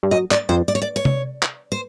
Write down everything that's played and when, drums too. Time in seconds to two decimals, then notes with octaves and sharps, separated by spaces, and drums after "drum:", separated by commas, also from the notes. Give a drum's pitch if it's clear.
0.03 G2
0.11 F#2 D#5
0.31 D5, drum: clap
0.49 F2 C5
0.68 D5
0.75 C#5
0.82 D5
0.96 C#5
1.05 drum: tom C3
1.43 drum: clap
1.72 C5